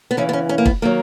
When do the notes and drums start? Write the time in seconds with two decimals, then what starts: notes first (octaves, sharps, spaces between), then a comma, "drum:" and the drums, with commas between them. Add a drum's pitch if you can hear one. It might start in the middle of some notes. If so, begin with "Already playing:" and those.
0.11 B3
0.17 E2 C#3 E3 C#4
0.29 B3
0.33 C#4
0.49 C#4
0.58 A#3
0.66 B3, drum: kick
0.82 D#3 F#3 A#3